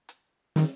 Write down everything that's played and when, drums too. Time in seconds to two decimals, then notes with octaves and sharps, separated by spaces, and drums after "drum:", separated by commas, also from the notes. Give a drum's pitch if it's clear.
0.09 drum: hi-hat
0.56 D#3, drum: snare